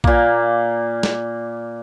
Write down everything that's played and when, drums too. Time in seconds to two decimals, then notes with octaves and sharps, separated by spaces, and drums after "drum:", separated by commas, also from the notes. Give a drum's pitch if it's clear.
0.04 A#2 A#3, drum: kick
1.03 drum: snare